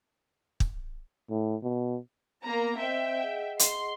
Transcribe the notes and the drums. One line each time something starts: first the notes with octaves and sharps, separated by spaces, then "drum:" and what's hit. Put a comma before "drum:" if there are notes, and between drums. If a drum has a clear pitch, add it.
drum: kick
A2
B2
A#3 B3 A#5
C4 C5 D#5 E5 G5
G#4 D#5 F#5
C6, drum: hi-hat